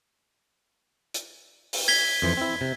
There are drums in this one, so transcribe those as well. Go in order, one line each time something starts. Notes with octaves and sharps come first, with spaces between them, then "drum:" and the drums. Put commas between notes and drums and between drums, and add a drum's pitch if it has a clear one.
drum: hi-hat
drum: open hi-hat
G#6 B6 G7
F2 E3 C5
C4 E4
C3